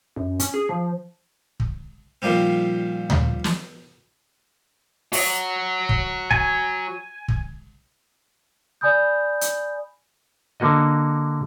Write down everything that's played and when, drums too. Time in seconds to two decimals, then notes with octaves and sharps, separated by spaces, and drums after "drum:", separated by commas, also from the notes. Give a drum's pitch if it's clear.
0.16 F#2
0.40 C#4, drum: hi-hat
0.54 G#4
0.69 F3
1.60 drum: kick
2.22 A#2 D#3 F3 G3 C4
3.10 drum: tom D2
3.44 drum: snare
5.13 F#4 C#5, drum: open hi-hat
5.89 drum: kick
6.31 G#5, drum: kick
7.28 drum: kick
8.81 D5 G#5 B5 D#6 G6
9.41 drum: hi-hat
10.60 D3 A#3 F#4 D#5